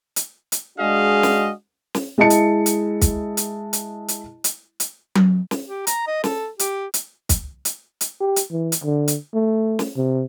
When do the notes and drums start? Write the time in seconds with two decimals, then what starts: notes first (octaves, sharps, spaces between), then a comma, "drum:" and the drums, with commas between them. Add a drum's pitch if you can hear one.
0.16 drum: hi-hat
0.52 drum: hi-hat
0.78 G#3 D4 F#4 G#4 D#5 F5
1.23 drum: snare
1.94 drum: snare
2.18 G#3 E4 D#5 A5 C#7
2.30 drum: hi-hat
2.66 drum: hi-hat
3.01 drum: kick, hi-hat
3.37 drum: hi-hat
3.73 drum: hi-hat
4.08 drum: hi-hat
4.44 drum: hi-hat
4.80 drum: hi-hat
5.15 drum: tom F#3
5.51 drum: snare
5.67 G4
5.87 A#5, drum: hi-hat
6.07 D#5
6.24 A4, drum: snare
6.59 G4, drum: hi-hat
6.94 drum: hi-hat
7.29 drum: kick, hi-hat
7.65 drum: hi-hat
8.01 drum: hi-hat
8.21 G4
8.36 drum: hi-hat
8.52 E3
8.72 drum: hi-hat
8.84 D3
9.08 drum: hi-hat
9.35 A3
9.79 drum: snare
9.97 C3